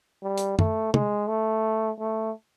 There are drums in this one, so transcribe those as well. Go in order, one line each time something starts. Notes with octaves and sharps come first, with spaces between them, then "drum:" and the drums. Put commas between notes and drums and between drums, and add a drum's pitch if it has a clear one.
G3
drum: hi-hat
A3, drum: tom
G#3, drum: tom
A3
A3